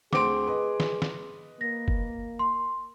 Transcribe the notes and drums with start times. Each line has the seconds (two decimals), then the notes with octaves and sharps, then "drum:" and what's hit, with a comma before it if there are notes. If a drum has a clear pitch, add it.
0.13 D2 C4 G#4 C6 D6 D7, drum: snare
0.47 B4 D#5
0.80 drum: snare
1.02 drum: snare
1.61 A#3 A#6
1.88 drum: kick F#1
2.39 C6